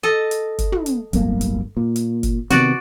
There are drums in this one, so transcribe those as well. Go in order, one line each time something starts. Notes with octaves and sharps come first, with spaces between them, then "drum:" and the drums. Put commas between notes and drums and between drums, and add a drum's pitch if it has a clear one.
A4 D#5
drum: hi-hat
drum: kick F#1, hi-hat
drum: tom
drum: hi-hat
D1 G1 A#3, drum: kick F#1, hi-hat
drum: hi-hat
A#2
drum: hi-hat
drum: kick F#1, hi-hat
C3 D#3 B3 F#4 D5, drum: hi-hat